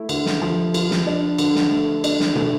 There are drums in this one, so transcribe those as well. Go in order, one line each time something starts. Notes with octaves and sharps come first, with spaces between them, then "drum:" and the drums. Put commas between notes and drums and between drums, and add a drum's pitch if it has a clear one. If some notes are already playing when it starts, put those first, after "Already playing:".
Already playing: A3 E4
D3, drum: cymbal
drum: snare
F3
F4, drum: cymbal
drum: snare
D4
D3, drum: cymbal
drum: snare
A3
D4, drum: cymbal
drum: snare
A3, drum: tom